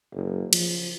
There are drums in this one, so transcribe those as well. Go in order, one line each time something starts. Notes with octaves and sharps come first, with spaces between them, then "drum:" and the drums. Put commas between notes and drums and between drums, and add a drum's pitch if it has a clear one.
F#1
F3, drum: cymbal